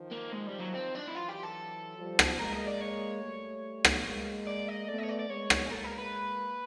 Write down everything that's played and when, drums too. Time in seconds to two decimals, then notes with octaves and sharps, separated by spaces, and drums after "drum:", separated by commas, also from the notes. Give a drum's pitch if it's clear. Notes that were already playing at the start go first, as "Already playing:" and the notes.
Already playing: D#3 F3
0.12 A#3
0.32 G#3
0.46 G3
0.60 F#3
0.74 C4
0.95 D4
1.08 E4
1.15 E3 F#3 F4
1.29 G4
1.43 A4
1.98 F3 G3
2.19 drum: rim click
2.39 G#3 A#3 A#4
2.53 D#5
2.67 D5
2.81 C#5
3.22 G3 A3
3.85 drum: rim click
4.05 G#3 A#3
4.47 D5
4.68 D#5
4.88 A3 B3 D5
4.98 D#5
5.03 C#5
5.09 D5
5.19 D5
5.29 G#3 A#3 C#5
5.50 drum: rim click
5.66 G#4
5.70 G#3 A#3 A4
5.84 A#4
5.98 B4